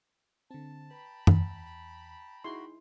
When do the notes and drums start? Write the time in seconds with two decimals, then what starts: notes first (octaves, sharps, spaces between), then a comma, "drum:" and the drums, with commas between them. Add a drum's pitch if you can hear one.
0.51 D3 C4 A5
0.91 B4 G5 A#5 B5
1.27 E2, drum: tom F#2
2.44 D#4 E4 F#4 G#4 C6